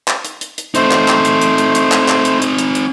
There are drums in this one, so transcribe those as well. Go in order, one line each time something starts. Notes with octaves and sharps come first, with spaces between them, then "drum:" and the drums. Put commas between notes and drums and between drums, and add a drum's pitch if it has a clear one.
drum: clap
drum: hi-hat
drum: hi-hat
drum: hi-hat
A3 C4 D#4 C5, drum: hi-hat
drum: clap
drum: clap
drum: hi-hat
drum: hi-hat
drum: hi-hat
drum: hi-hat
drum: clap
drum: clap
drum: hi-hat
drum: hi-hat
drum: hi-hat
drum: hi-hat